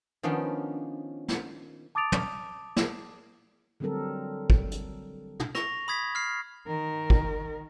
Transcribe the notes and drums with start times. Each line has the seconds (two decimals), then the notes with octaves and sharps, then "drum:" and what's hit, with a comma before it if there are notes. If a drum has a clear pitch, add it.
0.23 D#3 F3 B3 C#4 D4
1.28 drum: snare
1.95 A5 D6 D#6 A6 D7 F7
2.12 drum: tom
2.76 drum: snare
3.80 D3 F#3 G3 C4 A4 A#4
4.50 drum: kick
4.72 drum: hi-hat
5.40 drum: tom
5.55 C#6 A#6 F7, drum: rim click
5.88 B5 D#6 G#6 B6
6.15 F6 C7
6.67 D#3 A#4
7.10 drum: kick